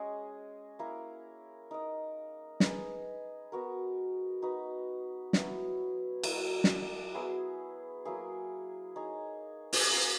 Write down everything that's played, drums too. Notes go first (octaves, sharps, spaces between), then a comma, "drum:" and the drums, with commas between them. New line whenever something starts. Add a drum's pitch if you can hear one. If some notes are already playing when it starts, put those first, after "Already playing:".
Already playing: G#3 C#4 G#4 D#5
A#3 E4 A#4
D#4 A#4 D#5
D#4 G#4 B4 D#5, drum: snare
B3 F#4 A#4
D#4 F#4 B4
F#3 B3 E4, drum: snare
F#3 A#3 E4, drum: cymbal
drum: snare
F#3 B3 E4 G#4
F#3 A#3 E4 G#4
D#4 G#4 C#5
drum: open hi-hat
A#3 C#4 F#4